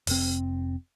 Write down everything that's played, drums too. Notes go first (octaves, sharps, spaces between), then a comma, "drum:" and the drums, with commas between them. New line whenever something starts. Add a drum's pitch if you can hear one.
F1 C4, drum: open hi-hat